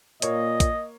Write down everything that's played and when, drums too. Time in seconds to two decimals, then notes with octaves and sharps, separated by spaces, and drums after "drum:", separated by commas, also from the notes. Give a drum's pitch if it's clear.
0.22 A#2 A#3 C#5 D#5, drum: hi-hat
0.60 drum: kick, hi-hat